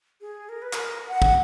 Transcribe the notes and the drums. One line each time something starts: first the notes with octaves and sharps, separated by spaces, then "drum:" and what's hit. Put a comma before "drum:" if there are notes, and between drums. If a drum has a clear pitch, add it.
G#4
A#4
B4
A#4, drum: clap
F#5
drum: kick